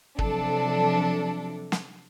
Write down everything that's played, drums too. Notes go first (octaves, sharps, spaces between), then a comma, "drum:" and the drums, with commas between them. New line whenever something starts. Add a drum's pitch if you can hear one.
C3 F3 F#3 D4 A4, drum: kick
drum: snare